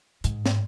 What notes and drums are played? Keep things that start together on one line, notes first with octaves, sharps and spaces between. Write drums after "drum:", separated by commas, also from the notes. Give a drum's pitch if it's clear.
G#2, drum: hi-hat
drum: snare